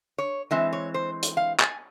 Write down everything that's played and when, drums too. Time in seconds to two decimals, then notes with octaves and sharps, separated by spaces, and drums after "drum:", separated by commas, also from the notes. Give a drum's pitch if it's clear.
0.18 C#5
0.51 E3 G#3 C4 E5
0.73 C#5
0.94 C5
1.23 drum: hi-hat
1.37 F5
1.60 G#5, drum: clap